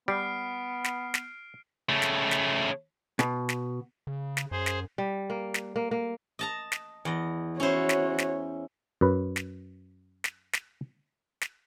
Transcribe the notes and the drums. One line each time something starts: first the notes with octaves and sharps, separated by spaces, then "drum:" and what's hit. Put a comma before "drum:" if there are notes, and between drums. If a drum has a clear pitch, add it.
G3 B3 F6 C7 D7
drum: snare
drum: snare
C#3 A3
drum: snare
drum: snare
B2, drum: snare
drum: snare
C#3
drum: snare
F#2 G#4 C5
drum: snare
G3
A#3
drum: snare
A#3
A#3
D#5 A5 A#5
drum: snare
E2 D#5
C#4 E4 F#4 C5 C#5
drum: snare
drum: snare
F#2 B4
drum: snare
drum: snare
drum: snare
drum: snare